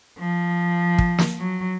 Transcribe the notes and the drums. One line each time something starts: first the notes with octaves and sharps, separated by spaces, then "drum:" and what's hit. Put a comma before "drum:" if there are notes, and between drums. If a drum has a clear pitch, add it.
F3
drum: kick
drum: snare
F#3